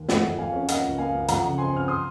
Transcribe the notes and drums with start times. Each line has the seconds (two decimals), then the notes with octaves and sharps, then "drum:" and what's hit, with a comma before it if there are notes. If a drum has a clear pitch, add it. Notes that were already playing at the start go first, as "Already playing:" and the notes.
Already playing: D#2
0.09 F2 D#5 F#5, drum: snare
0.23 F2
0.38 F2 F5 G#5
0.53 C#4
0.68 A#3 D#5 F#5, drum: hi-hat
0.84 C#2
0.98 A#3 F5 G#5
1.14 C#2
1.28 F2 F#5 A#5, drum: hi-hat
1.43 C#3
1.58 C4 G#5 C6
1.73 C4 F6
1.88 C6 D#6